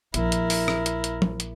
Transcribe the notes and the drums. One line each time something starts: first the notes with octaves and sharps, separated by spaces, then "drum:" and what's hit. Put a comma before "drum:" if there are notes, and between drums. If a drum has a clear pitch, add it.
A#1 E4 A#4, drum: hi-hat
drum: hi-hat
drum: open hi-hat
drum: rim click
drum: hi-hat
drum: hi-hat
drum: tom F3
drum: hi-hat